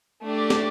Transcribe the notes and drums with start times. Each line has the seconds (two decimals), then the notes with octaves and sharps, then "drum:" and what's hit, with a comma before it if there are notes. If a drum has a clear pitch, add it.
0.24 A3 D4 G4 D5
0.50 drum: snare